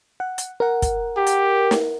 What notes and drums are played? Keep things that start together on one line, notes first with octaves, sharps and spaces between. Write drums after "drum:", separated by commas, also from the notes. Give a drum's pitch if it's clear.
F#5
drum: hi-hat
A#4 F#5
drum: kick, hi-hat
G4
drum: hi-hat
drum: snare